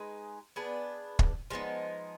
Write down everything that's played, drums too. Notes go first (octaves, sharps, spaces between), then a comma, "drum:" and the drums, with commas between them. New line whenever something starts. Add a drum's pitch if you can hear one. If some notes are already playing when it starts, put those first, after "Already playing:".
Already playing: G#3 D#4 G#4 B4
B3 D4 G#4 B4
drum: kick
F3 G#3 B3 D#4